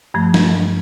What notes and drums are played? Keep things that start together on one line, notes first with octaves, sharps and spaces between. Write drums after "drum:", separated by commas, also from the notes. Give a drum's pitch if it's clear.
G2 F3 A3
drum: snare